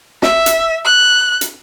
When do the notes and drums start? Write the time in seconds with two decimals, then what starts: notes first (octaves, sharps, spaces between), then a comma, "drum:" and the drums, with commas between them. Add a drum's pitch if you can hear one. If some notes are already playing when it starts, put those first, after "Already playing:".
0.22 E5, drum: snare
0.46 drum: hi-hat
0.85 F#6
1.41 drum: hi-hat